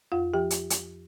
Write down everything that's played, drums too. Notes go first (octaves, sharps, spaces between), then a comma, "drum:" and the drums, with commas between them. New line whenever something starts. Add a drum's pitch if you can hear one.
F2 F4 F5
F3 G4 G5
drum: hi-hat
drum: hi-hat